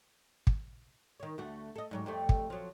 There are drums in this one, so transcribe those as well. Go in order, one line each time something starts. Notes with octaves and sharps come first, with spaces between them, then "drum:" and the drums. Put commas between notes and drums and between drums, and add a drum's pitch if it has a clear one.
drum: kick
D#3 C#5
D2 A3 F#4
A4 D#5
G#2 F#3 G3
F2 G3 A3
drum: kick
F3 F#3